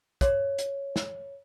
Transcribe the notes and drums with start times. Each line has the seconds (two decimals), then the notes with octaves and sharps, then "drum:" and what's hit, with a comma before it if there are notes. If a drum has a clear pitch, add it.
0.21 C#5, drum: kick, hi-hat
0.58 drum: hi-hat
0.96 drum: snare